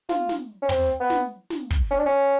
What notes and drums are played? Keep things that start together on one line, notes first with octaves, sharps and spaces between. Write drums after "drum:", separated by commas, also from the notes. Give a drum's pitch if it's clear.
F4, drum: snare
drum: snare
C#4
C4, drum: tom
B3
drum: snare
drum: snare
drum: kick
C#4
D4
C#4